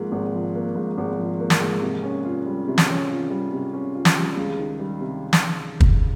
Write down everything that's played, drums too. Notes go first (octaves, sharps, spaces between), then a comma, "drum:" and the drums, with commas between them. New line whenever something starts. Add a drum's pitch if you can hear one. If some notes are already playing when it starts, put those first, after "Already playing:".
Already playing: G#1 G#2 F3 A#3
G#1
F3
A#3
G#2
G#1
F3
A#3
drum: snare
G#2
C3
C#4
F4
G3
C3
drum: snare
C#4
F4
G3
C3
C#4
F4
drum: snare
G3
C#2
D#3
G3
C3
drum: snare
drum: kick